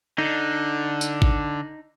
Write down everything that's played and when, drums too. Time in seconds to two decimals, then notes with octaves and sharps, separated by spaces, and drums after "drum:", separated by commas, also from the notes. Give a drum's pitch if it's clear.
0.18 D3 D#4
1.01 drum: tambourine
1.22 drum: kick G#1